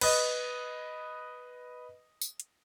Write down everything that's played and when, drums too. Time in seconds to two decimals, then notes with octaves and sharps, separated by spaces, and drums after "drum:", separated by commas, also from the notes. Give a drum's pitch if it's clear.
0.01 B4 D#5, drum: cymbal
2.21 drum: tambourine
2.40 drum: hi-hat